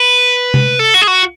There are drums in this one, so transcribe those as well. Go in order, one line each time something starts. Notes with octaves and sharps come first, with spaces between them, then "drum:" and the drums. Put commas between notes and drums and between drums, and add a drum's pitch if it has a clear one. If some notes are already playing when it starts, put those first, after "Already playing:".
Already playing: B4
drum: tom C3
A4
F#4
G#4
F#4